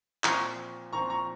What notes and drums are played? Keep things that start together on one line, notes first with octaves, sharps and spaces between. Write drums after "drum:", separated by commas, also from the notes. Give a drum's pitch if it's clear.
A#2 F3 C4 A#5 C#6, drum: clap
A#2 F3 C4 A#5 C#6
A#5 C#6